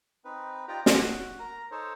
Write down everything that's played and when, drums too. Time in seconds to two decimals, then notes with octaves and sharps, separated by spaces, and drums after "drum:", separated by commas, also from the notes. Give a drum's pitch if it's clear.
0.25 C4 D#4 B4
0.68 D#4 F4 G4 D5 G5 A#5
0.86 F#4, drum: snare
1.39 A#4 A#5
1.71 D#4 A4 C5 C#5